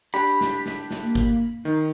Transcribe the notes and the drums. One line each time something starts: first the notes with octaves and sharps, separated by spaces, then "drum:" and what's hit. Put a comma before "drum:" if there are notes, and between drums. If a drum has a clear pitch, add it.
D4 G4 B5
drum: snare
drum: snare
drum: snare
A#3
drum: kick
D#3 D#4